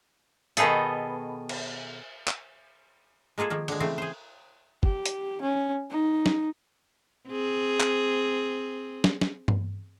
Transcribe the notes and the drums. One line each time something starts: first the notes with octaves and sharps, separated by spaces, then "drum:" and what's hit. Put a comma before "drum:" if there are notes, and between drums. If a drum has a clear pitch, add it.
B2 D#3 B3 D#4 G#4 A4, drum: hi-hat
drum: cymbal
drum: clap
G#3 A#3 F4 G#4 A4
D#3 F3 A#3
D3 G#3, drum: cymbal
C#3 E3 A3 C4
G#4 C5
G4, drum: kick
drum: hi-hat
C#4
D#4
drum: snare
C4 G#4
drum: clap
drum: snare
drum: snare
drum: tom G2